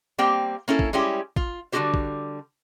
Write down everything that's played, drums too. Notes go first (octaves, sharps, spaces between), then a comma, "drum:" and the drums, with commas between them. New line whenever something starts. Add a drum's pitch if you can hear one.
G3 A#3 C4 G4 G5
A#3 C#4 E4 A4
drum: kick A#1
G3 G#3 C#4 E4 G4
F4, drum: kick A#1
D3 G3 D4 F#4 G4 C5
drum: kick A#1